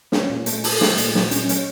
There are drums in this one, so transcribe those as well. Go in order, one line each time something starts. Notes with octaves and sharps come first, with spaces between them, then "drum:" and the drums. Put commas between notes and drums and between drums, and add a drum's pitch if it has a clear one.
C#4, drum: snare
A#2
A3, drum: hi-hat
A4, drum: open hi-hat
A3, drum: snare
A#2, drum: hi-hat
F#3, drum: snare
C#4, drum: hi-hat
C#4, drum: hi-hat